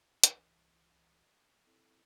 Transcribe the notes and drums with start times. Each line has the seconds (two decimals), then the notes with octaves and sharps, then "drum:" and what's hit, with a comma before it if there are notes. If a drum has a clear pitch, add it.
0.24 C2 E3, drum: hi-hat
1.67 C4 E4 A4